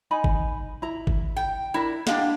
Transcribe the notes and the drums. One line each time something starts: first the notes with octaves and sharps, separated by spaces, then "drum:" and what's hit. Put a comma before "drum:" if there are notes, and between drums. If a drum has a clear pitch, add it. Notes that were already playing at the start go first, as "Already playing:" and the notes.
D#4 G#5 B5
drum: kick
E4 A#5
drum: kick
G5
D4 E4 A#4
G#3 D4 G4 F5 F#5, drum: snare